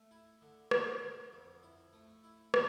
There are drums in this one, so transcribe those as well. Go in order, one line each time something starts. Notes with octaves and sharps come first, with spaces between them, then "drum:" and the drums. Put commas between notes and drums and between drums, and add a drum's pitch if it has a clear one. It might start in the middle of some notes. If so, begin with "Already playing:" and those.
Already playing: A3
E4
D3
D3, drum: rim click
D3
F2
E4
A3
E4
drum: rim click